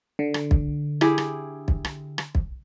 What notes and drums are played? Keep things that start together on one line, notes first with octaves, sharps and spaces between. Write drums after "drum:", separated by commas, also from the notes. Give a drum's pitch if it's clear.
D3
drum: rim click
drum: kick
E4 G4 G#4, drum: rim click
drum: rim click
drum: kick
drum: rim click
drum: rim click
drum: kick